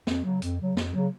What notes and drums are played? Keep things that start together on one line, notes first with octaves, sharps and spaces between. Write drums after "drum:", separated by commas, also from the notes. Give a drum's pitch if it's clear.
F2, drum: snare
C#3 F#3
F2, drum: hi-hat
C#3 F#3
F2, drum: snare
C#3 F#3